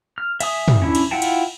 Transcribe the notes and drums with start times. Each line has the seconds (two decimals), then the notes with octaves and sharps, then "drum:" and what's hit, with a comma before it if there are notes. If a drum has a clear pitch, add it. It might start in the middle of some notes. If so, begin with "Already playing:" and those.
0.18 F6
0.41 E5 G#5 D#6, drum: cymbal
0.68 drum: tom
0.82 C#4 D4 E4
0.95 drum: cymbal
1.11 E4 F4 F#5 G5 A5
1.22 drum: cymbal